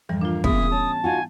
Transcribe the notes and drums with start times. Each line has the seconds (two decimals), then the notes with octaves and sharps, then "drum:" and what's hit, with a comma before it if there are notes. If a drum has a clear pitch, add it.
0.09 F2 G#2 E3 G3
0.21 A#3 D4 F4
0.44 C#3 G#3 A#3 B3 E5 D#6, drum: kick
0.72 C#4 A5
1.04 D#4 F4 F#4 G#5